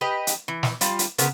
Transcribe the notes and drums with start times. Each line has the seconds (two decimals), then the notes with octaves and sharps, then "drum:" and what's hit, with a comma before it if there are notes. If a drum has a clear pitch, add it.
0.01 G4 B4 D#5
0.27 drum: hi-hat
0.48 E3
0.63 drum: snare
0.81 G3 F4, drum: hi-hat
0.99 drum: hi-hat
1.18 C#3 B3 A#4 C5, drum: hi-hat